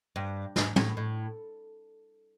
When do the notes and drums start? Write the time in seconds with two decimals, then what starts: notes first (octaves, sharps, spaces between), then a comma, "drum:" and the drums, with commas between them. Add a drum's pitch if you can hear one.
0.16 G2
0.56 G#2, drum: snare
0.76 A2, drum: tom
0.97 A2